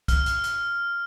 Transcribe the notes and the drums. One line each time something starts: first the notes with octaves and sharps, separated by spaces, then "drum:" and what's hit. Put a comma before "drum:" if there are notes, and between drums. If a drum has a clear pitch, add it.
F6, drum: kick, hi-hat
drum: hi-hat
drum: hi-hat